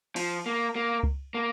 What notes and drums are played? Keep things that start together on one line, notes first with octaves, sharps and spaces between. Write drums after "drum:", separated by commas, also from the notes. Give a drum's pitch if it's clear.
F3, drum: cymbal
A#3
A#3
drum: kick C#2
A#3